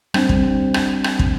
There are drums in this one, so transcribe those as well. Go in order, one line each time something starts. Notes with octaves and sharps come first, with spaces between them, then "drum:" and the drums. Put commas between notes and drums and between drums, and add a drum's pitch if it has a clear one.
G3 C4 D4, drum: rim click
drum: kick
drum: rim click
drum: rim click
drum: kick